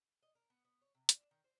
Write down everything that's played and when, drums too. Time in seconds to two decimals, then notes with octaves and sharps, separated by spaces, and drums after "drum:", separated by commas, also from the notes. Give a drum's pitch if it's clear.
0.22 D#5
0.35 A#4
0.50 B3
0.65 B3
0.81 C#5
0.95 C3
1.09 D4, drum: hi-hat
1.31 D#3
1.44 C5